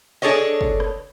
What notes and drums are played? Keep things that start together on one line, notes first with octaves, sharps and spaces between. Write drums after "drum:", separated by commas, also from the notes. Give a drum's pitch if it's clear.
D4 G#4 A4 C#5 D#5
drum: kick
drum: rim click